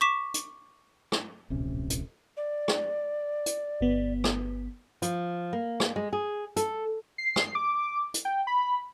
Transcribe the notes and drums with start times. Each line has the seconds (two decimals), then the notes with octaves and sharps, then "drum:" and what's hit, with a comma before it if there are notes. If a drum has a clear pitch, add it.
0.01 C#6 D6 B6 E7
0.34 drum: hi-hat
1.12 drum: rim click
1.50 D1 A#1 C3 C#4
1.90 drum: hi-hat
2.37 D5
2.68 drum: rim click
3.46 drum: hi-hat
3.81 G1 B3
4.24 drum: rim click
5.02 F3, drum: hi-hat
5.53 A#3
5.80 drum: rim click
5.96 G#3
6.13 G#4
6.56 A4, drum: hi-hat
7.18 C7
7.36 drum: rim click
7.55 D6
8.14 drum: hi-hat
8.25 G5
8.47 B5